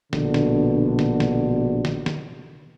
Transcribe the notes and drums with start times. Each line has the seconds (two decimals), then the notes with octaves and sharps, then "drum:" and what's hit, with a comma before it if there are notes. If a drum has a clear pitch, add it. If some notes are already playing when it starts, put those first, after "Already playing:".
0.13 A#1 B2 D3, drum: snare
0.34 drum: snare
0.99 drum: snare
1.20 drum: snare
1.85 drum: snare
2.06 drum: snare